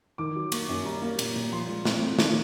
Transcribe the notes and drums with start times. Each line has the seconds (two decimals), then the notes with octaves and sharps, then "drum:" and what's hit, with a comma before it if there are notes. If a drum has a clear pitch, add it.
0.18 D#3 D6
0.36 F#3
0.52 A#3 C#6, drum: cymbal
0.69 F#2
0.85 G3 A#5
1.02 A#3
1.19 A#2, drum: cymbal
1.36 A#2
1.52 F3 C6
1.69 G#3
1.85 C4, drum: snare
2.02 A2
2.19 D#3, drum: snare